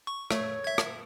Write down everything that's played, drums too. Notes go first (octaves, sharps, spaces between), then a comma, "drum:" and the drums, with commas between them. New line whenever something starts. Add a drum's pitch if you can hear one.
C#6
A3 C#5, drum: rim click
E5 G#6
drum: rim click